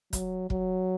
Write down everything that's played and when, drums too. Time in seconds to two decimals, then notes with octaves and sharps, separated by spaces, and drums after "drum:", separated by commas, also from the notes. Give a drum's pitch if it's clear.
0.13 F#3, drum: kick, hi-hat
0.50 F#3, drum: kick